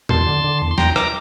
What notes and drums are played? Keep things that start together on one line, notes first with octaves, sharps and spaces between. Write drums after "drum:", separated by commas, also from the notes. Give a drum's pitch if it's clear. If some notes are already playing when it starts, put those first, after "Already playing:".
E2 A5 C6, drum: tom A2
D3
D3
E2
C6
E2 G5 A#5, drum: snare
A#5 D6, drum: rim click